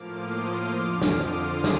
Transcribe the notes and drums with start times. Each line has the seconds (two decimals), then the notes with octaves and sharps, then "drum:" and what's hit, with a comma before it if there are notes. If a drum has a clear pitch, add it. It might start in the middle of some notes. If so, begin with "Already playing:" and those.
Already playing: A2 F3 A#3 D6 F6
0.09 C6 D#6
0.40 D6 F6
0.70 F2 D3 F3 D6 F6
1.02 C6 D#6, drum: snare
1.64 drum: snare